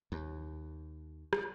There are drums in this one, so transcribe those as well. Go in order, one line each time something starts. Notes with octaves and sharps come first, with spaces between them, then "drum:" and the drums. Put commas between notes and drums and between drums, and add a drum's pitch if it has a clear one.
D#2
drum: rim click